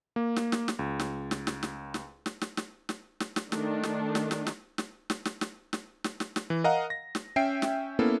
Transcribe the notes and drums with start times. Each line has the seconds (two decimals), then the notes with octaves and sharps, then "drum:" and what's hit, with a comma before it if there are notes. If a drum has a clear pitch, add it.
0.16 A#3
0.36 drum: snare
0.52 drum: snare
0.68 drum: snare
0.79 C#2
1.00 drum: snare
1.31 drum: snare
1.47 drum: snare
1.63 drum: snare
1.94 drum: snare
2.26 drum: snare
2.41 drum: snare
2.57 drum: snare
2.89 drum: snare
3.20 drum: snare
3.36 drum: snare
3.52 D#3 A3 D4, drum: snare
3.83 drum: snare
4.15 drum: snare
4.31 drum: snare
4.47 drum: snare
4.78 drum: snare
5.10 drum: snare
5.25 drum: snare
5.41 drum: snare
5.73 drum: snare
6.04 drum: snare
6.20 drum: snare
6.36 drum: snare
6.50 E3
6.64 A#4 D#5 F5 F#5 A#5
6.90 A#6
7.15 drum: snare
7.36 C#4 E5 G5 C7 D7
7.62 drum: snare
7.99 A#3 B3 C#4 E4 A4